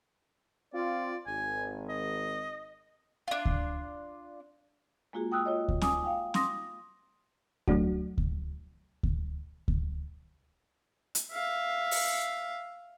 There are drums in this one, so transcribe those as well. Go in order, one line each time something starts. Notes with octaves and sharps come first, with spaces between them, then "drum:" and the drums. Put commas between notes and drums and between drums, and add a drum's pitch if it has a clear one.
C4 F4 D5
G#1 G#5
D#5
D4 F4
drum: kick D2
G#3 A#3 F4 F#4 G#4
G5 D#6 E6 F#6
F4 C#5 D#5
drum: kick D2
G#5 D6 D#6, drum: snare
F5 G5
C6 D6 D#6 A#6, drum: snare
F#3 A3 D4 F#4, drum: kick D2
drum: kick D2
drum: kick D2
drum: kick D2
drum: hi-hat
E5 F5
drum: open hi-hat